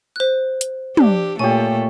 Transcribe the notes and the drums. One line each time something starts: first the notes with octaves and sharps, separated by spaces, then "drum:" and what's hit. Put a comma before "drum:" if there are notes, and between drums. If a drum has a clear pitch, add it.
C5 F#6
drum: hi-hat
D4 G4 E6, drum: tom
A#2 A3 G4 C#5 G#5